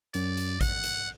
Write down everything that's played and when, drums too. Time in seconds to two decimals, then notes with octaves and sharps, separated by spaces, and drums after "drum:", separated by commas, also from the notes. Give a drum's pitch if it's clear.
0.14 F#2 D5, drum: hi-hat
0.37 drum: hi-hat
0.61 F#5, drum: kick A1, hi-hat
0.84 drum: hi-hat